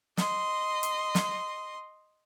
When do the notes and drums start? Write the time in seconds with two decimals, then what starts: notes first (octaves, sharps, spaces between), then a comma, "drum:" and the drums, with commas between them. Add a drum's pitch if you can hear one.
0.17 D#5 C6, drum: snare
0.83 drum: hi-hat
1.15 drum: snare